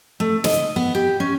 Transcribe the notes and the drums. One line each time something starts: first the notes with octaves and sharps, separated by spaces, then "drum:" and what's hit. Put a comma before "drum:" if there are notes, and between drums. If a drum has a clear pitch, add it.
A3
D#5, drum: snare
B3
G4
C#4